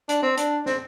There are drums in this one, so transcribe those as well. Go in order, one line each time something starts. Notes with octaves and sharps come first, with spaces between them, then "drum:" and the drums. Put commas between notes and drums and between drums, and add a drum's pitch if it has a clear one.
D4, drum: hi-hat
C4
D4, drum: hi-hat
C4, drum: snare